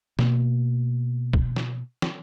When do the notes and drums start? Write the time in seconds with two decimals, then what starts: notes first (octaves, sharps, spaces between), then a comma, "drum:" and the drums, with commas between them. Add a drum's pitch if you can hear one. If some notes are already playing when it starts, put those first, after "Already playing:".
0.19 B2 A#3, drum: snare
1.33 drum: kick
1.56 drum: snare
2.02 drum: snare